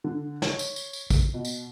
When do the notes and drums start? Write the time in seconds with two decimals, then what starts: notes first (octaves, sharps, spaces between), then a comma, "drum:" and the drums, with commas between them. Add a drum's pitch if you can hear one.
0.04 D3
0.42 C#5, drum: snare
0.59 drum: tambourine
0.76 drum: tambourine
0.93 drum: tambourine
1.10 drum: kick, tambourine
1.34 B2
1.45 drum: tambourine